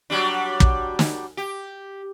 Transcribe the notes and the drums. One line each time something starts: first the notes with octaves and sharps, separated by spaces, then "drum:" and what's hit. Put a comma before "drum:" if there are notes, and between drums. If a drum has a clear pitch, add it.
F#3 G3 D4
drum: kick
drum: snare
G4